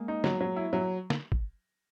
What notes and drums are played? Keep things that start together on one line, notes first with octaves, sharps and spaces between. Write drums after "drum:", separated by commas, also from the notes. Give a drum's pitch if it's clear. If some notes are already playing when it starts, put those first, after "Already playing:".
Already playing: G#3 A#3
D#4
F#3, drum: snare
F#3
E4
F#3
drum: snare
drum: kick